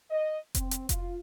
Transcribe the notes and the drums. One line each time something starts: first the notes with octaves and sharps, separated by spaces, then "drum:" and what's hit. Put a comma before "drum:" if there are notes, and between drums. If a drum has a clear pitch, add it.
D#5
C4, drum: kick F1, hi-hat
drum: hi-hat
F4, drum: kick F1, hi-hat